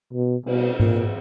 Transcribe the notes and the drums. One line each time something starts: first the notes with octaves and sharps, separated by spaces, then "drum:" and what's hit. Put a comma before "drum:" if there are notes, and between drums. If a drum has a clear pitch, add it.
B2
B2, drum: cymbal
A#2, drum: tom G#2